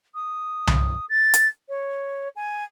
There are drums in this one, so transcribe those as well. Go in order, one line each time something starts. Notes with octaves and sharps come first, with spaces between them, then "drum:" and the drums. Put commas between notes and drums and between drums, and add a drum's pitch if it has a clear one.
D#6
drum: tom C2
A6
drum: hi-hat
C#5
G#5